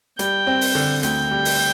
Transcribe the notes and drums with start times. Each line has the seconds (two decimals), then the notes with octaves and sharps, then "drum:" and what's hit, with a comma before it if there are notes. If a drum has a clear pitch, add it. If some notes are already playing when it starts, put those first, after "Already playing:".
0.19 G3 G5, drum: hi-hat
0.47 C4
0.61 drum: open hi-hat
0.75 D3
1.03 D2 G5, drum: hi-hat
1.31 G3
1.45 drum: open hi-hat